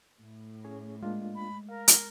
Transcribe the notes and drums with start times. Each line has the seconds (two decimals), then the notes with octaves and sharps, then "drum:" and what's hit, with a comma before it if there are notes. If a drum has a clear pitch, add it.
0.19 A2
0.64 C#4 G#4 C#5
1.03 G#3 A#3 D4 F4
1.36 B5
1.69 A#4 F5
1.88 drum: hi-hat